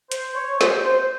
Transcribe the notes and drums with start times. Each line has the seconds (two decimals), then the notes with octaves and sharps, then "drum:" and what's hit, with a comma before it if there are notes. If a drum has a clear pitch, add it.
0.12 C5, drum: hi-hat
0.35 C#5
0.61 C5, drum: snare
0.85 C5
1.01 C5